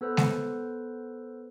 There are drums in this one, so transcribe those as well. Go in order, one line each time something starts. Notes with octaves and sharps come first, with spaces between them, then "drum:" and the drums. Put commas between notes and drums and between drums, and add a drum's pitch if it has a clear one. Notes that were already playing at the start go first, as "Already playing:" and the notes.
B3 A4 B4 C5
drum: snare